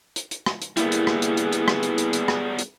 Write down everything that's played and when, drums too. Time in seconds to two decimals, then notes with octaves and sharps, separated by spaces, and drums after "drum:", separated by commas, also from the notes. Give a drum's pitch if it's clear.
0.16 drum: hi-hat
0.31 drum: hi-hat
0.46 drum: rim click
0.62 drum: hi-hat
0.77 G3 A#3 B3 E4 G#4, drum: hi-hat
0.92 drum: hi-hat
1.07 drum: rim click
1.22 drum: hi-hat
1.37 drum: hi-hat
1.53 drum: hi-hat
1.68 drum: rim click
1.83 drum: hi-hat
1.98 drum: hi-hat
2.13 drum: hi-hat
2.28 drum: rim click
2.59 drum: hi-hat